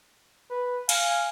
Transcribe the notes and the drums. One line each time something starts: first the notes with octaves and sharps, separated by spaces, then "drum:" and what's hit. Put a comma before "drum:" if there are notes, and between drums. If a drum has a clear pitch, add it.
B4
F5 G#5, drum: cymbal